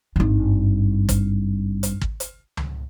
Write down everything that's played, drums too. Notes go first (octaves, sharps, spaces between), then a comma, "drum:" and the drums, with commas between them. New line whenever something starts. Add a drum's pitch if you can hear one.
G#1 G2
drum: kick, hi-hat
drum: hi-hat
drum: kick
drum: hi-hat
drum: tom C#2